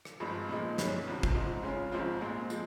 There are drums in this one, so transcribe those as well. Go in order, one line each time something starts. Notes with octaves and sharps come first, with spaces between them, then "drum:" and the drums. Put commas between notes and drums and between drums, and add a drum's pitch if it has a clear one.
drum: rim click
G#1 G2 F3 G#3
A#2 F3 G#3 D#4
G1 G2 G3 C#4, drum: snare
C2 C3 F3
drum: kick
G#2 F3 C4 D#4
C#2 C#3 G#3 C#4 F4
G#1 G#2 F3 C4 F4
A#1 A#2 G#3 C4
F3 G#3, drum: tambourine